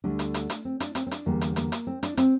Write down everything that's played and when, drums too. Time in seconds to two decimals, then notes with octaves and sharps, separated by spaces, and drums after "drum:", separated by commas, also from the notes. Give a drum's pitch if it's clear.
0.04 D2 D3 G3 D4
0.19 drum: hi-hat
0.34 drum: hi-hat
0.50 drum: hi-hat
0.65 C4
0.80 D4, drum: hi-hat
0.95 C4, drum: hi-hat
1.07 C4
1.11 D4, drum: hi-hat
1.26 E2 D3 G3 A#3
1.41 drum: hi-hat
1.56 A#3, drum: hi-hat
1.72 drum: hi-hat
1.87 C4
2.03 D4, drum: hi-hat
2.17 C4, drum: hi-hat